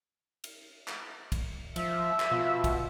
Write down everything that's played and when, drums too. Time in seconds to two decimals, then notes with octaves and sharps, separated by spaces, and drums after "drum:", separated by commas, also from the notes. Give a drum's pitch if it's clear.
0.44 drum: cymbal
0.88 drum: clap
1.32 drum: kick, cymbal
1.76 F3 E5, drum: cymbal
2.20 drum: clap
2.31 B2 F4
2.64 drum: kick, cymbal